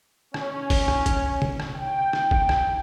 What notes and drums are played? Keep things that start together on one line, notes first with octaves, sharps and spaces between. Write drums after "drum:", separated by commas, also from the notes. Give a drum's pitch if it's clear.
C#4, drum: rim click
drum: kick, open hi-hat
drum: rim click
drum: kick, hi-hat
drum: tom C3
drum: rim click
G5
drum: rim click
drum: kick
drum: rim click